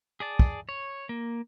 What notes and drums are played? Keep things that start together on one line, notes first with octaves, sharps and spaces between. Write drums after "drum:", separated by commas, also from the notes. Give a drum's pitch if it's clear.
G#4 D5 A5
drum: kick
C#5
A#3